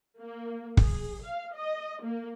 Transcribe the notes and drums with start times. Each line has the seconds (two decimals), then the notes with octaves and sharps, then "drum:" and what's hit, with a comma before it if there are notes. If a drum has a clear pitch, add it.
0.20 A#3
0.77 G#4, drum: kick
1.23 F5
1.55 D#5
2.02 A#3